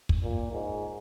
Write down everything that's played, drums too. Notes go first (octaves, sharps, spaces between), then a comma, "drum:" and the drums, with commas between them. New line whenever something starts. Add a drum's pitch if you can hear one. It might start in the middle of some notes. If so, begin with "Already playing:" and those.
drum: kick
A#2
G#2